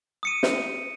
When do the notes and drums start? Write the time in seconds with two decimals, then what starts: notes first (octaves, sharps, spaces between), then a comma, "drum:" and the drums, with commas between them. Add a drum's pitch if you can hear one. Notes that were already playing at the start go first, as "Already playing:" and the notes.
0.23 D#6 C#7 D#7
0.43 drum: snare